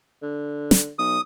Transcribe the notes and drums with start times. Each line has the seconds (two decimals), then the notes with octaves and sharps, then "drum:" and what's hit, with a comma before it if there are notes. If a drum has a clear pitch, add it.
0.22 D3
0.71 drum: snare
0.99 B1 D#6